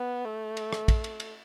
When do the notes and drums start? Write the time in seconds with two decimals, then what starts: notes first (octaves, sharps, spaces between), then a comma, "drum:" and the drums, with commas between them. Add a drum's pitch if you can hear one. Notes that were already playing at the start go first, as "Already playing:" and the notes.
Already playing: B3
0.25 A3
0.57 drum: cymbal
0.73 drum: rim click
0.88 drum: kick, cymbal
1.04 drum: cymbal
1.20 drum: cymbal